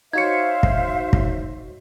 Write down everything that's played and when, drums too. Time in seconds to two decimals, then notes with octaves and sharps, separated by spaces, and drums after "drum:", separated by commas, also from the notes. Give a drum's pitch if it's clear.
0.13 D#4 F#4 C5 C#5 E5 F5 G#6 C#7
0.63 drum: kick
1.13 drum: kick